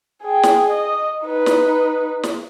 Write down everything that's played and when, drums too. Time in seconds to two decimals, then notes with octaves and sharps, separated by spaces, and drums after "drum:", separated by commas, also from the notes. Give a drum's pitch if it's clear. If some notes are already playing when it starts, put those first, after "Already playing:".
0.23 G#4 G5
0.43 drum: snare
0.69 D#5
1.24 D#4 B4
1.46 drum: snare
2.23 drum: snare